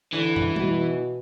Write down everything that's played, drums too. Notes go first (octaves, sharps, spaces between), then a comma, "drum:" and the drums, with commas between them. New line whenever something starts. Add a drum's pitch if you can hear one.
D3 E3
drum: tom
B2, drum: tom G3